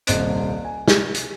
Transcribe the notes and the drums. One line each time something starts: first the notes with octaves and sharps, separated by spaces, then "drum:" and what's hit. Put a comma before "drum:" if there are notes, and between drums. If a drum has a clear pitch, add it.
D#1 C2 C5 D#5 F#6 D7, drum: hi-hat
G#5
drum: snare
drum: hi-hat